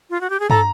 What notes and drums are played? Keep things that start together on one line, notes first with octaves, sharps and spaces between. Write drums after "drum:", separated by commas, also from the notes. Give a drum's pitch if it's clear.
F4
F#4
G4
G#4
A4 A#5, drum: tom G2